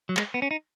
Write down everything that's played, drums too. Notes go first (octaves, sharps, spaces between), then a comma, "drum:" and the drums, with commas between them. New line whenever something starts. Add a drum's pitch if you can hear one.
F#3
G#3, drum: clap
B3
C#4
D#4